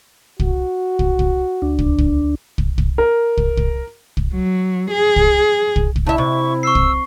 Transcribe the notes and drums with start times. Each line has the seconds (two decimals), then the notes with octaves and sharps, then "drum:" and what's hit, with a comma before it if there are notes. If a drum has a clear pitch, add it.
0.40 F#4, drum: kick
0.99 drum: kick
1.19 drum: kick
1.62 D2 D4
1.79 drum: kick
1.98 drum: kick
2.58 drum: kick
2.78 drum: kick
2.98 A#4
3.37 drum: kick
3.57 drum: kick
4.17 drum: kick
4.34 F#3
4.90 G#4
5.16 drum: kick
5.76 drum: kick
5.96 drum: kick
6.07 C#3 E4 E5 A5
6.18 C3 C#6
6.63 C#6 E6 C7
6.75 drum: kick